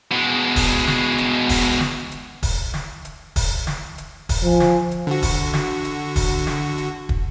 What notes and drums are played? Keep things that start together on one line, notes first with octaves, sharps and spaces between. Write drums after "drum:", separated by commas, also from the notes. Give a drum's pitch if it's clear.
B2 G#3
drum: kick, open hi-hat
drum: snare
drum: hi-hat
drum: kick, open hi-hat
drum: snare
drum: hi-hat
drum: kick, open hi-hat
drum: snare
drum: hi-hat
drum: kick, open hi-hat
drum: snare
drum: hi-hat
drum: kick, open hi-hat
F3 C5 G#5
drum: snare
drum: hi-hat
D3 F#4
drum: kick, open hi-hat
drum: snare
drum: hi-hat
drum: kick, open hi-hat
drum: snare
drum: hi-hat
drum: kick